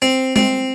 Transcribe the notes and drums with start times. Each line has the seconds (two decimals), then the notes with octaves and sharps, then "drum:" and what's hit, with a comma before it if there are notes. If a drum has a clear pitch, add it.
0.02 C4
0.36 C4, drum: tom G#3